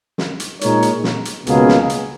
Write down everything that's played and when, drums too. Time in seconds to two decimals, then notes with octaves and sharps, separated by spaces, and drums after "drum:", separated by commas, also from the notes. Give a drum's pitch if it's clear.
0.18 drum: snare
0.40 drum: hi-hat
0.61 A#2 G#3 D#4 A#4 C#5, drum: hi-hat
0.82 drum: hi-hat
1.04 drum: snare
1.25 drum: hi-hat
1.47 C#2 B2 A#3 C#4 G#4, drum: hi-hat
1.68 drum: snare
1.90 drum: hi-hat